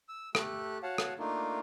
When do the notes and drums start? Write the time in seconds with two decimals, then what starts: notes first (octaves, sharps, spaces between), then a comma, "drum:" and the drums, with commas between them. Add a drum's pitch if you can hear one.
0.09 E6
0.35 A3 G4 A4 F#6, drum: rim click
0.83 F#4 C#5 F5 F#5 A5
0.98 drum: rim click
1.19 A3 A#3 D4 D#4 F4 A#4